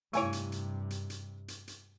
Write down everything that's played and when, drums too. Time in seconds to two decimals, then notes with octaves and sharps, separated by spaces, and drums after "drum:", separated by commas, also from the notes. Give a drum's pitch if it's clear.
0.13 G2 C3 A3 E4 C#5 G#5 C#6, drum: hi-hat
0.33 drum: hi-hat
0.52 drum: hi-hat
0.90 drum: hi-hat
1.10 drum: hi-hat
1.48 drum: hi-hat
1.68 drum: hi-hat